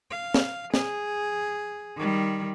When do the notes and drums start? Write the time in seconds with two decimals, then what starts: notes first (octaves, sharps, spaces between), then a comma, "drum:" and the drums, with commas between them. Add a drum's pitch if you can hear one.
0.11 F5
0.34 drum: snare
0.74 G#4, drum: snare
1.97 D#3 G3